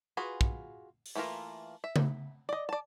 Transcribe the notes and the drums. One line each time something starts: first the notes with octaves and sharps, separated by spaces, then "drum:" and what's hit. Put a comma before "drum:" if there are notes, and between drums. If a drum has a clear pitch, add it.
F4 F#4 G#4 B4
drum: kick
drum: open hi-hat
E3 A3 A#3 F4 A#4
E5
drum: tom C#3
D5 D#5
D5 A5